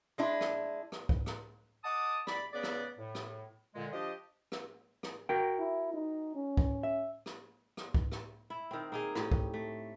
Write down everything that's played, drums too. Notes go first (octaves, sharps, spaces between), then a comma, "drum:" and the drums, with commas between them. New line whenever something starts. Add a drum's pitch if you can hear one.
G#3 D4 E4
drum: rim click
drum: rim click
drum: kick
drum: rim click
D#5 F#5 A5 D6 D#6
D5 B5, drum: rim click
C#3 B3 G#4 B4 D5
drum: rim click
A2
drum: rim click
A#2 D3 G#3
F3 D4 G4 D#5
drum: rim click
drum: rim click
F#4 A#4 G5
E4
D#4
C#4
drum: kick
E5
drum: rim click
drum: rim click
drum: kick
drum: rim click
E4
D#3 C4
A#3 D#4 G#4
A2 G4, drum: rim click
drum: kick
A3